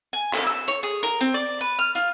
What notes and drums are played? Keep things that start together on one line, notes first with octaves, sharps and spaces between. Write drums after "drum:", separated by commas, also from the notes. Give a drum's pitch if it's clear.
G#5
A4, drum: clap
E6
C#5, drum: hi-hat
G#4
A#4, drum: hi-hat
C4, drum: hi-hat
D5
B4
F6
F4, drum: hi-hat